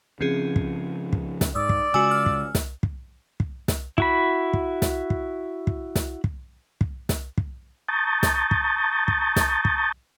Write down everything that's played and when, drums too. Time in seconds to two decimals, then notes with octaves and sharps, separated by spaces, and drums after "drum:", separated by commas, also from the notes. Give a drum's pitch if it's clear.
0.21 C#3 F3 C4 C#4 G#4
0.56 drum: kick
1.13 drum: kick
1.41 drum: snare
1.55 G#2 D5 D#6 E6
1.69 drum: kick
1.94 C#3 G#3 F#4 G#5 E6
2.11 F6
2.26 drum: kick
2.55 drum: snare
2.83 drum: kick
3.40 drum: kick
3.68 drum: snare
3.98 E4 F#4 B5, drum: kick
4.53 drum: kick
4.82 drum: snare
5.10 drum: kick
5.67 drum: kick
5.96 drum: snare
6.24 drum: kick
6.81 drum: kick
7.09 drum: snare
7.38 drum: kick
7.88 A5 A#5 C#6 D#6 G6 A6
8.23 drum: snare
8.51 drum: kick
9.08 drum: kick
9.36 drum: snare
9.65 drum: kick